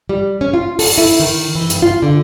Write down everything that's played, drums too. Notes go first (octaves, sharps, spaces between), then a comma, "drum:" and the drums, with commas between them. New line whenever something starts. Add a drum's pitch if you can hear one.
G3
C#4
F4
A4, drum: open hi-hat
E4
D#3
E3
G2, drum: hi-hat
F4
D3